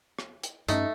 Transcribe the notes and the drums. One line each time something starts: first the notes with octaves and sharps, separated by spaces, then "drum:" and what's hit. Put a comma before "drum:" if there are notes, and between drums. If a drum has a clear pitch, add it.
drum: rim click
drum: hi-hat
G2 A3 C#4 D#4, drum: hi-hat